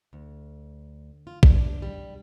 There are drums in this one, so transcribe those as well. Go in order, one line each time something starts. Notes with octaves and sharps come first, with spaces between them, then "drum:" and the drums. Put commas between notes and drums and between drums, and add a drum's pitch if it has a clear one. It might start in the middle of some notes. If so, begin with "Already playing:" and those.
D2
F4
D4, drum: kick
G3